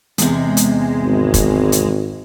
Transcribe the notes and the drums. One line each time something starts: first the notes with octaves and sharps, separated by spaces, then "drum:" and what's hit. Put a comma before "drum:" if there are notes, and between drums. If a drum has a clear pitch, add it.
E2 C3 G#3, drum: hi-hat
drum: hi-hat
G#1
drum: kick, hi-hat
drum: hi-hat